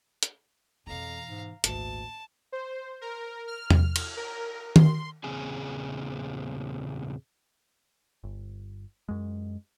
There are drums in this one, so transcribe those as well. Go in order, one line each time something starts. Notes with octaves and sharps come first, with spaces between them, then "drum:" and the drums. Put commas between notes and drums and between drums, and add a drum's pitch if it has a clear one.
drum: hi-hat
F2 B2 E3 F5 A#5
G#2
G#1 D2 A#2 A5, drum: hi-hat
C5
A#4
F6
drum: tom E2
drum: cymbal
A#4
C6, drum: tom D#3
E2 A#2 C#3 C4 G#4 G#5
G1
F#2 G#3